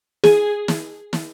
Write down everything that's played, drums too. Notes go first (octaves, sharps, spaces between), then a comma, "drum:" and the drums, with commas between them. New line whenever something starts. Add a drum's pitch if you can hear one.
G#4, drum: snare
drum: snare
drum: snare